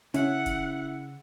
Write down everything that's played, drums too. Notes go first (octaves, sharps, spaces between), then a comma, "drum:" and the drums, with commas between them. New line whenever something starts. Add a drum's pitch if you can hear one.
C#3 C#4 E4 F#5, drum: hi-hat
drum: kick, hi-hat